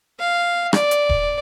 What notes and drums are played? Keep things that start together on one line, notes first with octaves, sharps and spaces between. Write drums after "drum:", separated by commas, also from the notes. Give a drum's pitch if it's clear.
F5
D5, drum: rim click
drum: hi-hat
drum: kick D#1